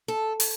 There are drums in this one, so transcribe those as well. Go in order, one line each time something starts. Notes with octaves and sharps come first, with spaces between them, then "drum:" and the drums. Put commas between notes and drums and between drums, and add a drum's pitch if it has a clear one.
A4
drum: open hi-hat